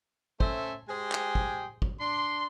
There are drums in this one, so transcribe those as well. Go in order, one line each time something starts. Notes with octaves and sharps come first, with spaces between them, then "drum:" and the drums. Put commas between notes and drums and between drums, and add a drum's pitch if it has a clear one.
A3 C#4 A4 C5 C#5 E5, drum: kick
G#3 G4 G#4 C5 G5 G#5
drum: clap
drum: kick
drum: kick
D4 C6